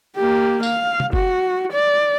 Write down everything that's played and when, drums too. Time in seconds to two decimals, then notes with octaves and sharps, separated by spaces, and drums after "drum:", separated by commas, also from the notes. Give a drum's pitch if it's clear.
0.16 A#3 G4
0.63 F5, drum: tambourine
1.00 drum: tom
1.13 F#4, drum: kick F#1
1.72 D5